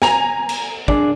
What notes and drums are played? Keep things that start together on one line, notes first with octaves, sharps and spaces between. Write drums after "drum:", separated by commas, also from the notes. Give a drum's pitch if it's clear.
G#5 A#5, drum: snare
drum: cymbal
D4 G#4 D5, drum: kick